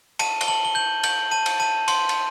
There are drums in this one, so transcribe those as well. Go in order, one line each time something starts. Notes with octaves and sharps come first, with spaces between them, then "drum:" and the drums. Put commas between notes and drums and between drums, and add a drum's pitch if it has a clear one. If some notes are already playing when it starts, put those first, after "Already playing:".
A5 D#7, drum: cymbal
G7, drum: cymbal
A5 F#7
G7
G6 F#7
G6 F#7, drum: cymbal
A5 D#7
drum: cymbal
A5 D#7
C6, drum: cymbal
drum: cymbal